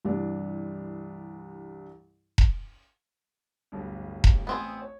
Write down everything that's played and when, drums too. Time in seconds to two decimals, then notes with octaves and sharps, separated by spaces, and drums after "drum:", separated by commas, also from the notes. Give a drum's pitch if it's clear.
0.05 C2 G2 E3 D4
2.38 drum: kick E1
3.72 D1 G1 G2
4.24 drum: kick E1
4.47 A1 B3 C4 G#4
4.82 C#5